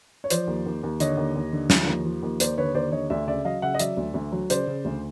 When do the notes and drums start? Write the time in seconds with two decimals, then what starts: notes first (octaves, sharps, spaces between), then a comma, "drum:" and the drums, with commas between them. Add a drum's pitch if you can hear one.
0.24 C#5
0.30 F3 C5 D5, drum: hi-hat
0.47 D#2
0.66 D#2
0.83 D#2
1.00 D3 C#5 D#5, drum: hi-hat
1.17 D#2
1.36 D#2
1.52 D3
1.70 F3, drum: snare
1.87 D#2
2.05 F3
2.23 D#2
2.40 D#2 C5 D5, drum: hi-hat
2.57 D3 B4 C#5
2.74 D#2 C5 D5
2.92 D3 C#5 D#5
3.10 D2 D5 E5
3.27 C#3 D5 E5
3.45 F#3 D#5 F5
3.62 C#3 E5 F#5
3.74 D#5
3.79 F#3 D5 E5, drum: hi-hat
3.97 D2
4.14 D2
4.32 F#3
4.50 C#3 C5 D5, drum: hi-hat
4.67 C#3
4.85 D2